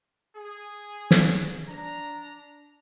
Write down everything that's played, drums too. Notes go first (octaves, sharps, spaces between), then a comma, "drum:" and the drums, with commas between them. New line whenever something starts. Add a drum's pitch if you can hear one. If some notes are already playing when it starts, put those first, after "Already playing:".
G#4
drum: snare
D4 A#5